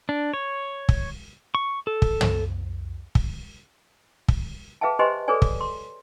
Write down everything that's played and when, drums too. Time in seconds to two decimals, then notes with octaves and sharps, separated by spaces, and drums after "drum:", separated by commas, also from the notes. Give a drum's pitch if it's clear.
0.09 D4
0.34 C#5
0.89 drum: kick
1.55 C#6
1.87 A4
2.02 drum: kick
2.21 drum: tom
3.15 drum: kick
4.28 drum: kick
4.81 G#4 B4 E5 F5 G5 A5
4.99 G4 B4 C5 D#5 G#5 C6
5.28 G#4 A4 B4 C#5 D5 G#5
5.42 drum: kick
5.61 C6